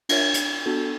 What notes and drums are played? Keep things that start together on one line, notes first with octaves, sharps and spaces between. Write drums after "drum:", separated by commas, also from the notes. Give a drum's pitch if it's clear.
D4 F4 A#4 C#5 E5, drum: cymbal
drum: hi-hat
B3 D4 F#4 A4